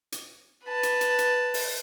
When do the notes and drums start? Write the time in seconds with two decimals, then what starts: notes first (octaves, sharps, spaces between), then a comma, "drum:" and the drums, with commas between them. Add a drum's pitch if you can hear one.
0.12 drum: hi-hat
0.65 B4 A5
0.83 drum: hi-hat
1.01 drum: hi-hat
1.18 drum: hi-hat
1.54 drum: open hi-hat